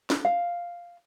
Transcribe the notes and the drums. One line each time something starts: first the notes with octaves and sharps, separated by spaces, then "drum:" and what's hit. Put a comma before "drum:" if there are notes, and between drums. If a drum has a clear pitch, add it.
drum: snare
F5